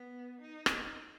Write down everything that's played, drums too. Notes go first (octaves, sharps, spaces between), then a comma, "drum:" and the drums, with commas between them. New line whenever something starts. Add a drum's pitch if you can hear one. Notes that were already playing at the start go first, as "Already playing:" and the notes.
Already playing: B3
D#4
drum: rim click